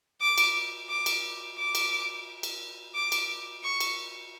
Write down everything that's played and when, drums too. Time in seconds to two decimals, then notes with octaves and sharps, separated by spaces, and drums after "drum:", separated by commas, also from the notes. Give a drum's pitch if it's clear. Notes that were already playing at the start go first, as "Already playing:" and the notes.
0.21 D6
0.38 drum: cymbal
0.90 D6
1.06 drum: cymbal
1.58 D6
1.75 drum: cymbal
2.43 drum: cymbal
2.95 D6
3.12 drum: cymbal
3.63 C#6
3.80 drum: cymbal